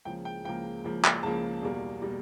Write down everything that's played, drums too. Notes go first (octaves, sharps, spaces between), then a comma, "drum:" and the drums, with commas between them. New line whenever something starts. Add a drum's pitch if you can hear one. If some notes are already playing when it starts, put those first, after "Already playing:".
C#2 C#3 F3 A#3 G5
G5
C#2 C#3 F3 A#3 G5
C#2 C#3 F3 A#3
drum: clap
C#2 C#3 F3 A#3 A5
E2 B2 G3 A#3
B2 G3 A#3